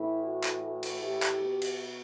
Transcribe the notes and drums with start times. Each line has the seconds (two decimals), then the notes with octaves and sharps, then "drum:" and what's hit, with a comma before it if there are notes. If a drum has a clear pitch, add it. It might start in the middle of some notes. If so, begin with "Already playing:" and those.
Already playing: A2 E3 E4
0.24 F#4
0.43 drum: clap
0.63 F#4
0.83 drum: cymbal
1.03 G4
1.22 drum: clap
1.42 B2
1.62 drum: cymbal